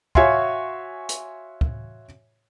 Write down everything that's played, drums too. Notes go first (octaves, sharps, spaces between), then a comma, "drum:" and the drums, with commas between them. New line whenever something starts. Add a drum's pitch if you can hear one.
F#4 C#5 E5 F5 G#5 C6, drum: kick
drum: hi-hat
drum: kick